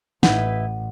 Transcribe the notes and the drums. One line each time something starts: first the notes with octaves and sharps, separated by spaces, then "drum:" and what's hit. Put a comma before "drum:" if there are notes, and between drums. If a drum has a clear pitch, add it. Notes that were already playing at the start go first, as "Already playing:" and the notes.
A1 D#4 E4 B4 F#5, drum: snare